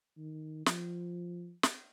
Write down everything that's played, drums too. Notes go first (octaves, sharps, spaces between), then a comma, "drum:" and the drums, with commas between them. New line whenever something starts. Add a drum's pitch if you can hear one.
D#3
F3, drum: snare
drum: snare